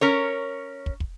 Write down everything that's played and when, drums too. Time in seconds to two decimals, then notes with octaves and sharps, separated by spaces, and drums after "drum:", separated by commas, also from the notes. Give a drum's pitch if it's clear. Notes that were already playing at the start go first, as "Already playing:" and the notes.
0.01 C#4 A#4 C#5
0.86 drum: kick
1.00 drum: kick